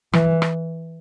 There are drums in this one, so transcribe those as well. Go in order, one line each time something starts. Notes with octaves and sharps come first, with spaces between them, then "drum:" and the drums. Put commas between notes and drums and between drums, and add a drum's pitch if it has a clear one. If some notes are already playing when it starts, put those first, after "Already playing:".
E3, drum: rim click
drum: rim click